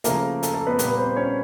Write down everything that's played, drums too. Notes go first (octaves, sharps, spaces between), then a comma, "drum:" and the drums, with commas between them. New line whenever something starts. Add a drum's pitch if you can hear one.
C#3 F3 A3 A#3 A#4, drum: hi-hat
A4, drum: hi-hat
A4
B3 B4
A#2 G3 A#3 B3 B4, drum: hi-hat
C4 C5
C#4 C#5